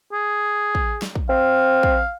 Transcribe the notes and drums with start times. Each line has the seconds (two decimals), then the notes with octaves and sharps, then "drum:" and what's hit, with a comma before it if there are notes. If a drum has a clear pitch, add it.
0.12 G#4
0.75 drum: kick
1.02 drum: snare
1.15 drum: kick
1.29 C4 F5
1.83 drum: kick